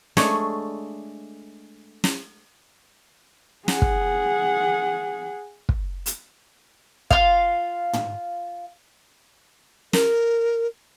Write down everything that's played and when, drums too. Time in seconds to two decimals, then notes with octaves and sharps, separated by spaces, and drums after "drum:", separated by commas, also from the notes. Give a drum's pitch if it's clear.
0.17 G#3 A3 D4 C#5, drum: snare
2.04 drum: snare
3.68 G#4 F#5, drum: snare
3.82 drum: kick
5.69 drum: kick
6.06 drum: hi-hat
7.11 F4 F5, drum: kick
7.93 drum: tom
9.93 A#4, drum: snare